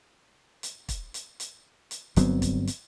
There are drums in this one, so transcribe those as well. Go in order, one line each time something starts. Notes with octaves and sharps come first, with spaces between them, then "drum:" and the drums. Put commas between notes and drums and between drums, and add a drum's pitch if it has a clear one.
drum: hi-hat
drum: kick, hi-hat
drum: hi-hat
drum: hi-hat
drum: hi-hat
G1 F#3 B3 C4, drum: hi-hat
drum: kick, hi-hat
drum: hi-hat